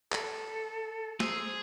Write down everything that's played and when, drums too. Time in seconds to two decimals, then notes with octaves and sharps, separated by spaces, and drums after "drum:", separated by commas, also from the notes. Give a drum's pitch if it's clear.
0.12 A4, drum: clap
1.20 G#4 C5 A#5 E6, drum: snare